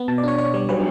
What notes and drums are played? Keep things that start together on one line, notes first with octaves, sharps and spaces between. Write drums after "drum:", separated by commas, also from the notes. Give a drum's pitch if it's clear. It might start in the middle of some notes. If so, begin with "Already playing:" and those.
Already playing: B3
B2 A5
D5
D4 C#5
D4 C#5
G3 C#5
F#3 B4, drum: cymbal